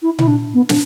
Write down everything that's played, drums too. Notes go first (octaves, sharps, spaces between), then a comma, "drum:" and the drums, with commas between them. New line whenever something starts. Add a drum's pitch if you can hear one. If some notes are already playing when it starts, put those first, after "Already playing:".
E4
E4, drum: tom A#2
D4
B3
D4, drum: snare